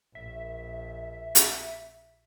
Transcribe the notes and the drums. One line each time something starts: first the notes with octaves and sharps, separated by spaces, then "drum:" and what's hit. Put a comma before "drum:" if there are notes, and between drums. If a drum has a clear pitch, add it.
A#1 E5
drum: hi-hat